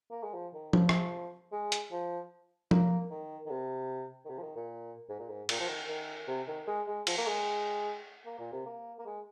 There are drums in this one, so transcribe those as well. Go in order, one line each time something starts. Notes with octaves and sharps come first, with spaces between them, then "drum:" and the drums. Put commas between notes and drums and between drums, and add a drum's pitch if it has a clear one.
A#3
G#3
F3
D#3
F3, drum: tom F3
drum: rim click
G#3
drum: hi-hat
F3
A#3, drum: tom F3
D#3
D#3
C3
D#3
C3
F3
D#3
A#2
G#2
A#2
G#2
A#2, drum: cymbal
F3
D#3
D#3
C3
D#3
G#3
G#3
F3, drum: cymbal
A#3
G#3
A#3
A#2
C3
A#3
A#3
G#3